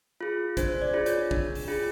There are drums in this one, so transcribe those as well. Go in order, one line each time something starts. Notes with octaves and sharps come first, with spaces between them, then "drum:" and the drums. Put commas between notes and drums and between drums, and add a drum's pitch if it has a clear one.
F4 G#4
D4 C5, drum: kick, hi-hat
D5
F4 G#4
C#5, drum: hi-hat
D4, drum: kick
drum: open hi-hat
F4 G#4